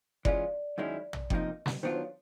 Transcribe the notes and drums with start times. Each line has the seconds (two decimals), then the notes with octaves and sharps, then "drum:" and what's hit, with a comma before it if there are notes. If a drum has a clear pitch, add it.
0.25 E3 G#3 C#4 F4 D5, drum: kick F#1
0.78 F#2 D#3 G#3 C#4 E4
1.13 drum: tom A#1
1.30 F2 C3 F3 A#3 D#4 D#5, drum: kick F#1
1.66 drum: snare
1.83 D#3 F#3 B3 D4 F4 C5
1.96 C#5